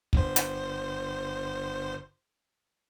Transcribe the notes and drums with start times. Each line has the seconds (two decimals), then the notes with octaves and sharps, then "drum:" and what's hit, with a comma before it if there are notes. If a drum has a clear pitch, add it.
0.13 G1 C5, drum: kick
0.36 drum: hi-hat